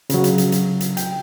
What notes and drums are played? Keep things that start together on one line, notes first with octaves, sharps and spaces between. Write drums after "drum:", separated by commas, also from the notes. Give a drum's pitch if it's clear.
C#3 F#3, drum: hi-hat
drum: hi-hat
drum: hi-hat
drum: hi-hat
drum: hi-hat
G5, drum: hi-hat